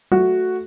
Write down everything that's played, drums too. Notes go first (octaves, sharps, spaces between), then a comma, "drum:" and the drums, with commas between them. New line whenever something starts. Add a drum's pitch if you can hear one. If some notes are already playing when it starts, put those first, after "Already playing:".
A3 F#4, drum: tom F#3